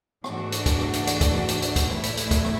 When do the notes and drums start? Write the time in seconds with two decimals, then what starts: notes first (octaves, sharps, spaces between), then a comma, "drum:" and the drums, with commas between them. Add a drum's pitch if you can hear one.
0.24 G#2 E3 A3 D4 F#4, drum: rim click
0.52 drum: hi-hat
0.66 drum: kick, hi-hat
0.80 drum: rim click
0.93 drum: hi-hat
1.07 drum: hi-hat
1.21 drum: kick, hi-hat
1.35 drum: rim click
1.48 drum: hi-hat
1.62 drum: hi-hat
1.76 drum: kick, hi-hat
1.89 A1 A2 E3 A3 E4, drum: rim click
2.03 drum: hi-hat
2.17 drum: hi-hat
2.31 drum: kick, hi-hat
2.45 drum: rim click